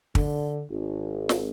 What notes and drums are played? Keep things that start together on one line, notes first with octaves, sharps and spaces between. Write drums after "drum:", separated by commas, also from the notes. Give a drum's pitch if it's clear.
D3, drum: kick
G#1
drum: snare